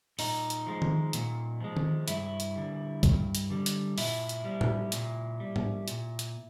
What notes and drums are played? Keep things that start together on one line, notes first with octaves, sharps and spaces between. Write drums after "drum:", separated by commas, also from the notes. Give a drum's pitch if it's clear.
A#2 D#4, drum: open hi-hat
drum: hi-hat
F3 G#3
drum: tom D#3
A#2, drum: hi-hat
F3 G#3
drum: tom D#3
G2 E4, drum: hi-hat
drum: hi-hat
D3 G3
G2, drum: kick, hi-hat
drum: hi-hat
D3 G3
drum: hi-hat
A#2 E4, drum: open hi-hat
drum: hi-hat
G3
drum: tom
A#2, drum: hi-hat
G3
drum: tom G#2
A#2, drum: hi-hat
drum: hi-hat